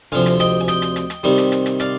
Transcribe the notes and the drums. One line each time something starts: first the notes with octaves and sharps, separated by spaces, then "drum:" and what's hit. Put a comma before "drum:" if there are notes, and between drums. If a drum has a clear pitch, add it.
D2 C3 F3 F5 G#5
drum: hi-hat
D#5 G5, drum: hi-hat
G#5
D#5 G5, drum: hi-hat
drum: hi-hat
drum: hi-hat
drum: hi-hat
C3 D#3 G3
drum: hi-hat
drum: hi-hat
drum: hi-hat
D5 F5, drum: hi-hat